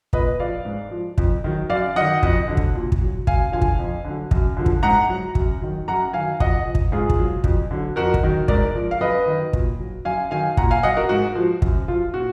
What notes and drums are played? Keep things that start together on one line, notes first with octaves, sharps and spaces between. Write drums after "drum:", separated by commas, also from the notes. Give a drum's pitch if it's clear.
A#2 B4 D#5, drum: kick
F3 D5 F5
G#2
F3
F2, drum: kick
D#3 F#3
F#2 D5 F5
D#3 F#3 D#5 F#5
F2, drum: kick
D3 F#3
drum: kick
A#2
drum: kick
F#3
F#2 F5 G#5, drum: kick
D3 F3 F5 G#5
drum: kick
F2
D3
F#3
F#2, drum: kick
D3 F3
drum: kick
G#2 F#5 A#5
F#3
F#2, drum: kick
D#3 F#3
F#2 F#5 A#5
D#3 F#3 F5 G#5
F2 D#5 F#5, drum: kick
F3
drum: kick
G#2 F4 G#4
drum: kick
F#3
F2, drum: kick
D3 F#3
F2 F#4 A#4
drum: kick
D#3 F#3
G#2 A#4 D5, drum: kick
F3
F5
F#2 B4 D#5
D#3 F#3
A#2, drum: kick
F#3
F#2 F5 G#5
D#3 F#3 F5 G#5
A#2 F#5 A#5, drum: kick
F5 G#5
F#3 D#5 F#5
F#4 A#4
G#2 F#4
F3
F#2, drum: kick
F3 F4
A#2 F#4